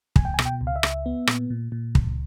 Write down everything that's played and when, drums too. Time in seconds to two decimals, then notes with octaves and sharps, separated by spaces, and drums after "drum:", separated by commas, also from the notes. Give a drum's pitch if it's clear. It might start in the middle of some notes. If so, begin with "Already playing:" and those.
0.16 C#2 G#5, drum: kick
0.25 G5
0.34 G#5
0.39 B2, drum: rim click
0.45 G5
0.61 C#2
0.67 F5
0.76 E5
0.83 C#2, drum: rim click
1.06 B3
1.27 A#2, drum: rim click
1.50 A#2
1.72 A#2
1.95 C#2, drum: kick